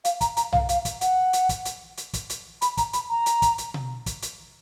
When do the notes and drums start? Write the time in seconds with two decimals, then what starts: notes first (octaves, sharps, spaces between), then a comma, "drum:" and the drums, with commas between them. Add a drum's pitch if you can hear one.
0.05 F5, drum: hi-hat
0.21 A#5, drum: kick, hi-hat
0.37 A#5, drum: hi-hat
0.53 F5, drum: tom B1
0.69 F5, drum: hi-hat
0.85 drum: kick, hi-hat
1.01 F#5, drum: hi-hat
1.33 drum: hi-hat
1.49 drum: kick, hi-hat
1.65 drum: hi-hat
1.97 drum: hi-hat
2.13 drum: kick, hi-hat
2.30 drum: hi-hat
2.62 B5, drum: hi-hat
2.77 A#5, drum: kick, hi-hat
2.93 B5, drum: hi-hat
3.10 A#5
3.26 drum: hi-hat
3.42 drum: kick, hi-hat
3.58 drum: hi-hat
3.74 drum: tom B2
4.06 drum: kick, hi-hat
4.22 drum: hi-hat